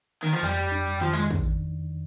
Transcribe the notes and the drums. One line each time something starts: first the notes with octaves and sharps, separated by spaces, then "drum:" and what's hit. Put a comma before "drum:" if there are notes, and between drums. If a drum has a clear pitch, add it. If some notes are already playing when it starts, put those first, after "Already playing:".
D#3
F3
F2 G3
D4
D#3 F3
G#3
drum: kick